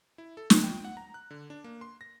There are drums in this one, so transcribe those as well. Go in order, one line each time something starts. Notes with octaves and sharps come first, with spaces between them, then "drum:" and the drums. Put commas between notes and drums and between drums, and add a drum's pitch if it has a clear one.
E4
A4
D4, drum: snare
G5
F#5
A#5
F#6
D3
D4
A#3
C6
A#6